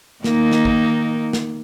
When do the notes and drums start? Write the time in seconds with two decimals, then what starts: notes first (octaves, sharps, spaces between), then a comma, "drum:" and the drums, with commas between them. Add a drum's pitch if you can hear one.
0.24 D#3 A#3 D#4, drum: snare
0.52 drum: snare
0.65 drum: kick A1
1.33 drum: snare